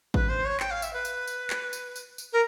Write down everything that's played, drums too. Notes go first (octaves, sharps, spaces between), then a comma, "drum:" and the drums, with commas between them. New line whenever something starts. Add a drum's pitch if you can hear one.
B4, drum: kick A1
C5
C#5
G5, drum: clap
F5
E5, drum: tambourine
B4
drum: tambourine
drum: tambourine
drum: clap
drum: tambourine
drum: tambourine
drum: tambourine
A#4